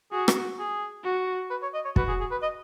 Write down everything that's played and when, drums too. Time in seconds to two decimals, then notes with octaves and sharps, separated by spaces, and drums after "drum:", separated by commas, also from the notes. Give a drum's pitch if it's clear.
0.12 F#4 G#4
0.28 drum: rim click
0.59 G#4
1.04 F#4
1.50 B4
1.62 C#5
1.74 D#5
1.85 C#5
1.96 F#4 B4, drum: kick
2.08 G#4
2.20 G#4
2.31 B4
2.42 D#5